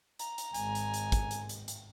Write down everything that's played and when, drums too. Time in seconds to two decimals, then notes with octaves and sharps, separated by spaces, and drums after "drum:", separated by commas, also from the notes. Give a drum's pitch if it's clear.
0.19 A#5, drum: hi-hat
0.38 drum: hi-hat
0.54 G#1 G#3 G#5, drum: hi-hat
0.75 drum: hi-hat
0.94 drum: hi-hat
1.12 drum: kick, hi-hat
1.31 drum: hi-hat
1.49 drum: hi-hat
1.68 drum: hi-hat